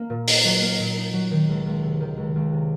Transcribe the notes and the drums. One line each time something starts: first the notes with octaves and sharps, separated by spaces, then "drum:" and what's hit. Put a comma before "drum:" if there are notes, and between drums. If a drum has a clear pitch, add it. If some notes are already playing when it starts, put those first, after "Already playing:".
Already playing: A#3
A#2
D#4, drum: open hi-hat
F#3
A#3
A#2
D#4
F#3
D#3
C#2
C#2
C3
D#3
C#2
C#2
C3